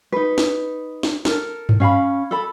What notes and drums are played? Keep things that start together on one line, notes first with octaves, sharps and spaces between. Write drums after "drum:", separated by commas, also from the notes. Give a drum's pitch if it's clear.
D#4 B4
drum: snare
drum: snare
A4 A#4, drum: snare
drum: tom G2
C#4 F5 B5
A4 B5